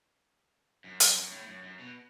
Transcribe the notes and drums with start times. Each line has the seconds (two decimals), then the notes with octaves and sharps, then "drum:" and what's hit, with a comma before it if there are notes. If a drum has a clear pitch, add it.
0.84 F#2
1.00 drum: hi-hat
1.20 F#2
1.32 A2
1.48 F#2
1.63 F#2
1.79 B2